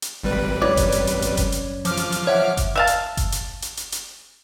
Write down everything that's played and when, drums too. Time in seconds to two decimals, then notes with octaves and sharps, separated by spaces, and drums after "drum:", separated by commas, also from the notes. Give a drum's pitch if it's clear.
0.02 drum: hi-hat
0.24 G#1 G3 B4
0.62 F#2 C#5 D5, drum: tom D#4
0.77 drum: kick F#1, hi-hat
0.92 drum: hi-hat
1.07 drum: hi-hat
1.22 drum: hi-hat
1.37 drum: kick F#1, hi-hat
1.52 drum: hi-hat
1.85 F3 D6 F6, drum: hi-hat
1.97 drum: hi-hat
2.12 drum: hi-hat
2.27 C#5 E5 F#5
2.57 drum: kick F#1, hi-hat
2.76 E5 F5 A5
2.87 drum: hi-hat
3.17 drum: kick F#1, hi-hat
3.32 drum: hi-hat
3.62 drum: hi-hat
3.77 drum: hi-hat
3.92 drum: hi-hat